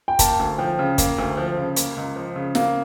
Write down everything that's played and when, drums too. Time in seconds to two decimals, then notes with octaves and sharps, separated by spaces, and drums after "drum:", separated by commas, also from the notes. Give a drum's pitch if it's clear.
0.08 G5
0.19 A#3 A5, drum: kick, hi-hat
0.39 D2
0.58 F3 G5
0.79 C#3
0.98 A#3, drum: kick, hi-hat
1.18 D2
1.37 F3
1.57 C#3
1.76 A#3, drum: hi-hat
1.96 C#2
2.16 F3
2.36 C#3
2.55 A#3 F5, drum: snare